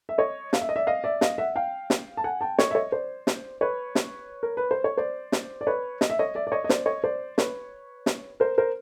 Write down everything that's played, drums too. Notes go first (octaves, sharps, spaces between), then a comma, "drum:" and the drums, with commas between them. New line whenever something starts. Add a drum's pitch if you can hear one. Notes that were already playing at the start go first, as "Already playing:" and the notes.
E5
C#5 D#5
F5, drum: snare
E5
D#5
D5 E5
D#5 F5
D5 E5
D#5 F5, drum: snare
E5 F#5
F5 G5
drum: snare
A5
F#5 G#5
G5 A5
C#5 D#5, drum: snare
E5
C#5 D#5
C5 D5
drum: snare
B4 C#5
drum: snare
A#4
B4
C5
C#5
C5 D5
drum: snare
D5
B4 C#5
D#5, drum: snare
E5
C#5 D#5
D5 E5
D5
C#5 D#5
D#5
C5 D5, drum: snare
C#5 D#5
C5 D5
B4 C#5, drum: snare
drum: snare
A#4 C5
A#4 C5